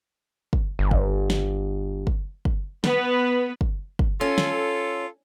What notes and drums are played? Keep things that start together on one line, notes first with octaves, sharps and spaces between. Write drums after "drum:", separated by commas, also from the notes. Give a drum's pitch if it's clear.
drum: kick
G1
drum: kick
drum: snare
drum: kick
drum: kick
B3 B4, drum: snare
drum: kick
drum: kick
C#4 F4 A4
drum: snare